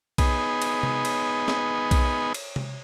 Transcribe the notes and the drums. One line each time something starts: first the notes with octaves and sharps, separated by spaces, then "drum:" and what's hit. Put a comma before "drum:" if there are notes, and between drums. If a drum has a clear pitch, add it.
B3 D#4 G#4, drum: kick B1, cymbal
drum: cymbal
drum: tom C3
drum: cymbal
drum: snare
drum: kick B1, cymbal
drum: cymbal
drum: tom C3